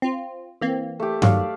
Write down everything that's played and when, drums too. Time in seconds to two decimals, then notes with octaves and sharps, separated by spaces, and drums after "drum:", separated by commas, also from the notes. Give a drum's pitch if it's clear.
0.02 C4 F4
0.61 E3 A#3 C4
1.00 A3 G4
1.22 G2 D#3 F#3 A3 D5 F5, drum: tom G2